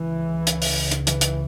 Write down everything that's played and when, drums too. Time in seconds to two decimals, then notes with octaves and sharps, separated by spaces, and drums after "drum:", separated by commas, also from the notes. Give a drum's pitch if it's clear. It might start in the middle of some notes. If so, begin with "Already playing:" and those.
Already playing: C#2 C#3 E3
0.47 drum: hi-hat
0.62 drum: open hi-hat
0.91 drum: hi-hat
1.07 E3, drum: hi-hat
1.21 drum: hi-hat